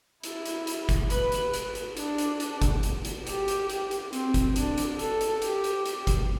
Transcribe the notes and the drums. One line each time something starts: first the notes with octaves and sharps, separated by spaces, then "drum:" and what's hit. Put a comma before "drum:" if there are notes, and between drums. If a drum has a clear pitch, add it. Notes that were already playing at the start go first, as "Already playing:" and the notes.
E4, drum: hi-hat
drum: hi-hat
drum: hi-hat
drum: kick, hi-hat
B4, drum: hi-hat
drum: hi-hat
drum: hi-hat
drum: hi-hat
D4, drum: hi-hat
drum: hi-hat
drum: hi-hat
drum: kick, hi-hat
drum: hi-hat
drum: hi-hat
G4, drum: hi-hat
drum: hi-hat
drum: hi-hat
drum: hi-hat
C4, drum: hi-hat
drum: kick, hi-hat
D4, drum: hi-hat
drum: hi-hat
A4, drum: hi-hat
drum: hi-hat
G4, drum: hi-hat
drum: hi-hat
drum: hi-hat
drum: kick, hi-hat